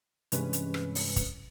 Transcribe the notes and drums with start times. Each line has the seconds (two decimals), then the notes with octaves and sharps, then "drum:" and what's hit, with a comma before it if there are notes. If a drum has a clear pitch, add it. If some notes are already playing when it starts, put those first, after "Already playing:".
0.32 G2 C3 E3 G#3 C#4 B4, drum: hi-hat
0.53 drum: hi-hat
0.74 drum: rim click
0.95 drum: open hi-hat
1.16 drum: kick, hi-hat